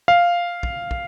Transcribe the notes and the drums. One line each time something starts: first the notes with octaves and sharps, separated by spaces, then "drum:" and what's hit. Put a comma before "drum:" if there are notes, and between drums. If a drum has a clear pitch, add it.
F5
drum: kick
drum: kick